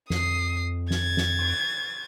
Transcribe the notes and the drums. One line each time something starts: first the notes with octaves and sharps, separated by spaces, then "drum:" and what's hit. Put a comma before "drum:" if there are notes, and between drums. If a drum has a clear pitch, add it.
F2 D#6 C7, drum: snare
G#6 A6, drum: snare
drum: snare
drum: cymbal